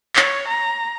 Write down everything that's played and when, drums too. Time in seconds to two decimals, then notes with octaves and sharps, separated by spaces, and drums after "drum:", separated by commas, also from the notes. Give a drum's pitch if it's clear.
0.16 C#5, drum: clap
0.48 A#5